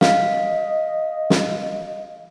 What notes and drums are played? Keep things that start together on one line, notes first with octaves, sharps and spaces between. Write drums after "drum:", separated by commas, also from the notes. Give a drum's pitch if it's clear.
D#5 F5, drum: snare
drum: snare